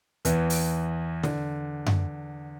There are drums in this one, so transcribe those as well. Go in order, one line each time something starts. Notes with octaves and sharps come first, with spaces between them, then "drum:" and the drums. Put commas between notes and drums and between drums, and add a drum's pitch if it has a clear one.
E2 E3, drum: hi-hat
drum: open hi-hat
D3, drum: snare
drum: tom F#2